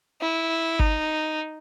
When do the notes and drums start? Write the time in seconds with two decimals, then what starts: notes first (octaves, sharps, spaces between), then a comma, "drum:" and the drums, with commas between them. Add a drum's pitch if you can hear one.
0.21 E4
0.79 D#4, drum: kick G#1